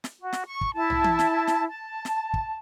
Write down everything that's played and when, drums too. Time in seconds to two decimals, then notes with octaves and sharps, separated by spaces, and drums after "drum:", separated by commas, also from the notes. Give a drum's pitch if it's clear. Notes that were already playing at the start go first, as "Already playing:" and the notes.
0.04 drum: snare
0.20 F#4
0.33 drum: snare
0.47 C#6
0.61 drum: kick
0.75 E4 A5
0.90 drum: tom
1.04 drum: tom E3
1.19 drum: snare
1.47 drum: snare
1.68 A5
2.05 drum: snare
2.34 drum: kick